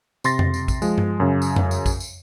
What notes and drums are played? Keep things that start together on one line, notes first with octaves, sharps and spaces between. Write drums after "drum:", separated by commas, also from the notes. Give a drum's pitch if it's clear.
C3 C6 A6 A#6, drum: tambourine
drum: tom F2
drum: tambourine
drum: kick, tambourine
F3 G#3, drum: tambourine
drum: tom G2
F#2 C#3
drum: tambourine
drum: tom F2
drum: tambourine
drum: kick, tambourine
drum: tambourine